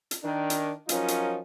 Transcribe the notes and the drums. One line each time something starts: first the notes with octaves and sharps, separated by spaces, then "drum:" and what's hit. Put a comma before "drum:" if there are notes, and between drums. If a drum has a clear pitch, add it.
drum: hi-hat
D#3 D4
drum: hi-hat
F3 F#3 C#4 D#4 F4 A#4, drum: hi-hat
drum: hi-hat